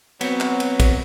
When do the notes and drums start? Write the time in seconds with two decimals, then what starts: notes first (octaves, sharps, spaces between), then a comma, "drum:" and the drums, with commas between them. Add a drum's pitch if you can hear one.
0.21 F#3 B3 C4, drum: cymbal
0.40 drum: clap
0.60 drum: cymbal
0.80 drum: kick, cymbal